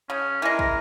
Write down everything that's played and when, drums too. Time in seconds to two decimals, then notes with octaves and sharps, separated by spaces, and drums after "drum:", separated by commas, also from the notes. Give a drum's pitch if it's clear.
0.10 C#3 C#4
0.42 E3 G#3 A#4
0.59 drum: kick